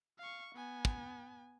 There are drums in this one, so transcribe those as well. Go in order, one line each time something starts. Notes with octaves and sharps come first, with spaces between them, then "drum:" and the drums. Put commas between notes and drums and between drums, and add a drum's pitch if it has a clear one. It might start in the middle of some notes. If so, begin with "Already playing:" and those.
F5 C#6
B3 G#5
drum: kick